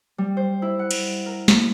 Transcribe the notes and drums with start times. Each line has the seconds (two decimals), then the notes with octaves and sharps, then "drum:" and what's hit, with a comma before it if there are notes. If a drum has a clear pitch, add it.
0.18 G3
0.37 C5
0.62 E4
0.79 F#5
0.91 drum: cymbal
1.26 A#4
1.48 A#3, drum: snare